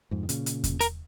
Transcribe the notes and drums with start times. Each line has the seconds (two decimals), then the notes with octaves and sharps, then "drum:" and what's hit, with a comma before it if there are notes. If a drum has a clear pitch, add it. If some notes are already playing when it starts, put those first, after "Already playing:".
0.11 F2 G#2
0.23 D#3
0.29 A#2 C#3, drum: hi-hat
0.46 drum: hi-hat
0.64 drum: kick E2, hi-hat
0.81 A#4, drum: hi-hat